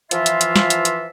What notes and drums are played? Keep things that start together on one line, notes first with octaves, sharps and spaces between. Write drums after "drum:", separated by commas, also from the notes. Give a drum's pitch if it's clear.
E3 F3 F4 E5, drum: hi-hat
drum: hi-hat
drum: hi-hat
drum: snare
drum: hi-hat
drum: hi-hat